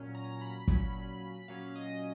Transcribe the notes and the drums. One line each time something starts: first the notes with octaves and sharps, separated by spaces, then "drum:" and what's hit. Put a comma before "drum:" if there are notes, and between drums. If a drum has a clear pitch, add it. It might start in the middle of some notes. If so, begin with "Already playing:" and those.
Already playing: A#2 F#3 C#4
A#5
B5
A#2 F#3 C#4, drum: kick
A#2 F#3 C#4 F5
D#5